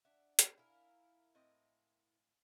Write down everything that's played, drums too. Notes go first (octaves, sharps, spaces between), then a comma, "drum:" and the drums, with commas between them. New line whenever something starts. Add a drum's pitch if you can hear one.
D4 E5 F#5
drum: hi-hat
E4 A#4 F5 G#5
A2 C4 D#5